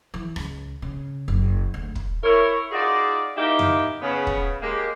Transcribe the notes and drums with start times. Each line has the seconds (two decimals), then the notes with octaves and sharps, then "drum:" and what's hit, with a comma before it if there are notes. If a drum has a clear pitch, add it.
0.14 E3
0.36 C#2, drum: rim click
0.82 C#3
1.28 F#1
1.74 D2
1.95 drum: kick
2.24 E4 A#4 C#5
2.72 D#4 F4 F#4 G#4 D5 D#5
3.36 A#3 D#4 E4 G4
3.59 drum: tom F2
4.02 C#3 B3
4.27 drum: kick
4.62 G#3 A#3 G4